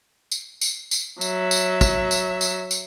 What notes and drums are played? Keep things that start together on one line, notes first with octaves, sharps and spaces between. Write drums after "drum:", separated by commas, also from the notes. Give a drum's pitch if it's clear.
drum: tambourine
drum: tambourine
drum: tambourine
F#3 E5, drum: tambourine
drum: tambourine
drum: kick, tambourine
drum: tambourine
drum: tambourine
drum: tambourine